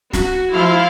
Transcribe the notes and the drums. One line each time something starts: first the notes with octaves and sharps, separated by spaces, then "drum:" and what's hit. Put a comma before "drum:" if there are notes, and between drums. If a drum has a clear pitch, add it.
F#4, drum: snare
F3 E4 F5 C6